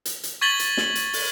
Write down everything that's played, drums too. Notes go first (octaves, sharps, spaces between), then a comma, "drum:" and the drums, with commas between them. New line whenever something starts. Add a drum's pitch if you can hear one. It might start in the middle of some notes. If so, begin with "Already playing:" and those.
drum: hi-hat
drum: hi-hat
C#6 G#6 A6 B6 F#7 G7
drum: hi-hat
drum: snare
drum: hi-hat
drum: open hi-hat